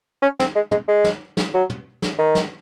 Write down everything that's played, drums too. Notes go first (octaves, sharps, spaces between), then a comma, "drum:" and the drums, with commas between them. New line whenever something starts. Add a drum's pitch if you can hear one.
C#4
C4, drum: snare
G#3
G#3, drum: tom
G#3
drum: snare
drum: snare
F#3
drum: tom
drum: snare
D#3
drum: snare